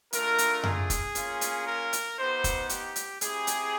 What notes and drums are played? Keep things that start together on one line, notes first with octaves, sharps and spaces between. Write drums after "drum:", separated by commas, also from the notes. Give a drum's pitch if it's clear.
A3 D4 F4 A#4, drum: hi-hat
drum: hi-hat
G#4, drum: tom F#2
drum: kick, hi-hat
A#3 C#4 F4, drum: hi-hat
drum: hi-hat
A#4
drum: hi-hat
B3 D#4 G4 C5
drum: kick, hi-hat
G4, drum: hi-hat
drum: hi-hat
C4 E4 G4 G#4, drum: hi-hat
drum: hi-hat